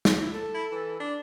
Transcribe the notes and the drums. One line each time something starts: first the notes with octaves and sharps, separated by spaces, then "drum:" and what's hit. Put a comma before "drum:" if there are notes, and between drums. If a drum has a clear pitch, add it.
drum: snare
E4
A4
E4
E3
D4